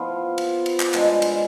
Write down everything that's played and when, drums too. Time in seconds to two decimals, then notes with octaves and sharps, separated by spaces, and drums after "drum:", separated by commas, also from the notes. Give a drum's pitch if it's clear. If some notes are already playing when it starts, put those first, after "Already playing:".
Already playing: F3 B3 F4
0.38 drum: cymbal
0.66 drum: cymbal
0.80 drum: clap
0.94 B2 G#3 D4 F4, drum: clap
1.22 drum: cymbal